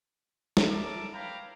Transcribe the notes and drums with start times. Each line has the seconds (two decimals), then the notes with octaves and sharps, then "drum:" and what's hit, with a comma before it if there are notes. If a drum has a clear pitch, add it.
0.57 drum: snare
0.71 G3 A#4 E5 A5 D6
1.13 B4 C#5 F5 G5 A#5 B5